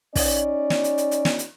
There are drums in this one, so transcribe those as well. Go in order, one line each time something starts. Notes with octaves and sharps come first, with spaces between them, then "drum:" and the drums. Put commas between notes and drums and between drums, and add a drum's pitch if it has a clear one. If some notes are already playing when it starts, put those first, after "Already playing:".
C#4 D#4 D5, drum: kick, open hi-hat
drum: snare
drum: hi-hat
drum: hi-hat
drum: hi-hat
drum: snare
drum: hi-hat